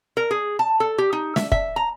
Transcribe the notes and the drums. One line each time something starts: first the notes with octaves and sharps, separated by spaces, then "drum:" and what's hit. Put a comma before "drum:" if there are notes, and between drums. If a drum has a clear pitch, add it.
A#4
G#4
A5
A4
G4
D#4
E5, drum: snare
E5, drum: kick
A#5